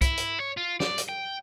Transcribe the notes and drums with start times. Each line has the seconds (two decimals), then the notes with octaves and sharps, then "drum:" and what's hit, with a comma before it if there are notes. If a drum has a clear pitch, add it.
0.01 E4, drum: kick C2, hi-hat
0.17 drum: hi-hat
0.40 C#5
0.57 F4
0.80 D5, drum: snare
0.98 drum: hi-hat
1.09 G5